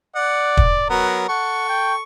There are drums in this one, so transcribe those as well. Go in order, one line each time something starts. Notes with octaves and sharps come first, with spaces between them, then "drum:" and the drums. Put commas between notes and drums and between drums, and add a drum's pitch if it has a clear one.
D5 F#5
drum: kick
F#3 B3 A#4
A4 F#5 C#6
G5